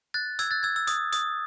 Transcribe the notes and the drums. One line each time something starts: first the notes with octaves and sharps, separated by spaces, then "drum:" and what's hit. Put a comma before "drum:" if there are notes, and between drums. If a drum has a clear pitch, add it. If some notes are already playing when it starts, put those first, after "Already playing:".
F#6 A6
E6 G#6, drum: hi-hat
F#6 A6
E6 G#6
E6
D#6, drum: hi-hat
D#6, drum: hi-hat